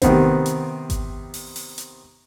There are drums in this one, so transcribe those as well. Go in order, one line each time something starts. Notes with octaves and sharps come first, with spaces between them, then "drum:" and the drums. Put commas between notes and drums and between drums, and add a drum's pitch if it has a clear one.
C3 D#3 B3 C4, drum: kick G#1, hi-hat
drum: hi-hat
drum: kick G#1, hi-hat
drum: open hi-hat
drum: open hi-hat
drum: hi-hat